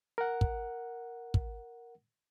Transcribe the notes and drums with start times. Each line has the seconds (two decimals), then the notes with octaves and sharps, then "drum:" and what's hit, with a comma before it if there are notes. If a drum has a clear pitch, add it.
0.18 A#4 F#5
0.41 drum: kick
1.34 drum: kick